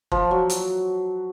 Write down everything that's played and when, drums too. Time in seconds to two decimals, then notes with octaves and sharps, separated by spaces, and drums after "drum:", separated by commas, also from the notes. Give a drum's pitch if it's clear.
0.12 F3, drum: kick
0.31 F#3
0.50 drum: hi-hat